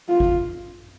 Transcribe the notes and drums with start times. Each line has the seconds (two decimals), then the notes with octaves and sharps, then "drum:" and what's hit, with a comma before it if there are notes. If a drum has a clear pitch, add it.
0.09 F4
0.20 drum: kick G#1